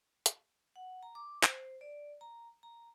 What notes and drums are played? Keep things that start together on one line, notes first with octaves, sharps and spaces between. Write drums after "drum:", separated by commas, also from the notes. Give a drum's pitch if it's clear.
drum: hi-hat
F#5
A#5
D6
C5, drum: clap
D5
A#5
A#5